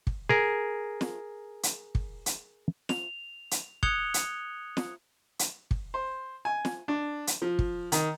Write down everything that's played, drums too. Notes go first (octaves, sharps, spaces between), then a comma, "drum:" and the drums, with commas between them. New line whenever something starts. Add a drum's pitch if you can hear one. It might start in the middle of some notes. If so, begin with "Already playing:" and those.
drum: kick
G#4 A#4
drum: snare
drum: hi-hat
drum: kick
drum: hi-hat
F7, drum: snare
drum: hi-hat
D#6 F#6 G#6 C#7 F7 G7, drum: kick
drum: hi-hat
drum: snare
drum: hi-hat
drum: kick
C5
G#5
drum: snare
D4
drum: hi-hat
F3
drum: kick
D#3, drum: hi-hat